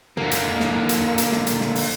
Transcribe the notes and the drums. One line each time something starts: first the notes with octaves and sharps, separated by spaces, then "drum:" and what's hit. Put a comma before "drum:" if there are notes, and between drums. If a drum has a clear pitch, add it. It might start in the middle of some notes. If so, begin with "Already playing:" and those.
D3 A#3, drum: tom
drum: hi-hat
drum: snare
drum: hi-hat
drum: hi-hat
drum: snare
drum: hi-hat
drum: snare
drum: open hi-hat